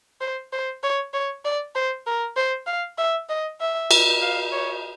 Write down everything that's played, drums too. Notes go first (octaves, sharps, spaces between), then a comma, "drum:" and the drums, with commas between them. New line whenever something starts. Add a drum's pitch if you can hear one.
C5
C5
C#5
C#5
D5
C5
A#4
C5
F5
E5
D#5
E5
drum: cymbal
F5
C#5